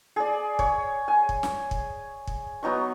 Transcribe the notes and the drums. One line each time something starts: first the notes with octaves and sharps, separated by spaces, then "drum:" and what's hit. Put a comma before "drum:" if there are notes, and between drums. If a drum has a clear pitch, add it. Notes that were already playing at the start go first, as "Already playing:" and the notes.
G#4 D5
C#5, drum: kick
G#5
drum: kick
drum: snare
drum: kick
drum: kick
F#3 B3 D#4 C#6